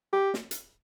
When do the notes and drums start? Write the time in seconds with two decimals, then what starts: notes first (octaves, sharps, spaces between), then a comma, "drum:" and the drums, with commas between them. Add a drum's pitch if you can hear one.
0.13 G4
0.34 drum: snare
0.51 drum: hi-hat